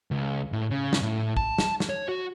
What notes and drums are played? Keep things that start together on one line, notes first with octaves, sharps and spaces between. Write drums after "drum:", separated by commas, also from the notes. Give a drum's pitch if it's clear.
C#2
A2
C#3
drum: snare
A2
A5, drum: kick
drum: snare
drum: snare
C#5
F#4